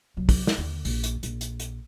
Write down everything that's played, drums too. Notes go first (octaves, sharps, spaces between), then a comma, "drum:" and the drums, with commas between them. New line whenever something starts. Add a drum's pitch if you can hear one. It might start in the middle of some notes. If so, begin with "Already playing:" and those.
C2 F#3
drum: kick, open hi-hat
drum: snare
D#2 D3
A#1, drum: open hi-hat
drum: hi-hat
A#1, drum: hi-hat
drum: hi-hat
drum: hi-hat